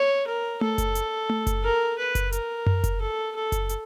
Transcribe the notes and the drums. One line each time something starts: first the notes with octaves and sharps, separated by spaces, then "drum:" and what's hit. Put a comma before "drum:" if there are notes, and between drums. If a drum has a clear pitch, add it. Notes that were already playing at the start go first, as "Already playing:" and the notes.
Already playing: C#5
A#4
A4, drum: tom A3
drum: kick F#1, hi-hat
drum: hi-hat
drum: tom A3
drum: kick F#1, hi-hat
A#4
B4
drum: kick F#1, hi-hat
A#4, drum: hi-hat
drum: tom F#2
drum: kick F#1, hi-hat
A4
A4
drum: kick F#1, hi-hat
drum: hi-hat